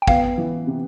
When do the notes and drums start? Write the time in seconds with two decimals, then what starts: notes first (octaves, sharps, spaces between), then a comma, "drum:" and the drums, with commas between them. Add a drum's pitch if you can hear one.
0.02 G5
0.08 B3 F5, drum: kick
0.38 E3
0.67 C3